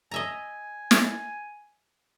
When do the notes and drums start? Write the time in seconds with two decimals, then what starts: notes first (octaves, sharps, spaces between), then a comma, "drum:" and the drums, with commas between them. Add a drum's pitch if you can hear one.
0.11 D#5 E5 G#5 A#5
0.91 drum: snare